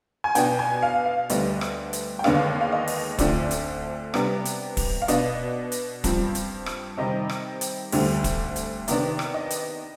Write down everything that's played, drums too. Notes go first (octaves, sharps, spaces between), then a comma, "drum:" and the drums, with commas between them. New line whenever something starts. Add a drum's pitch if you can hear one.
G#5
B2 B3 D4 G5, drum: hi-hat
G#5
F5
F5
D2 D3 G3 B3 D4 D#5, drum: hi-hat
drum: rim click
drum: hi-hat
G5
D#2 D3 G#3 B3 D4 F5, drum: rim click
F5
D#5
drum: open hi-hat
D2 D3 F3 C4 D5, drum: kick, hi-hat
drum: hi-hat
C3 G3 B3 D4, drum: rim click
drum: hi-hat
drum: kick, open hi-hat
F5
B2 B3 D4 D#5, drum: hi-hat
drum: hi-hat
G2 F3 C4, drum: kick, hi-hat
drum: hi-hat
drum: rim click
C3 D#3 G3 C4 D#5
drum: rim click
drum: hi-hat
D2 D3 G3 C4, drum: open hi-hat
drum: kick, hi-hat
drum: hi-hat
C3 D#3 B3 D4, drum: hi-hat
drum: rim click
D#5
drum: hi-hat